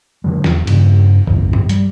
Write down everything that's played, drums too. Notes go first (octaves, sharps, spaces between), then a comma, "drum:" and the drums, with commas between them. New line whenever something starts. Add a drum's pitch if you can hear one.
B2 D3 F#3 G#3
E1, drum: snare
G2 C#3, drum: cymbal
G#1 C#2 F#2, drum: kick B1
drum: tom G2
G3, drum: hi-hat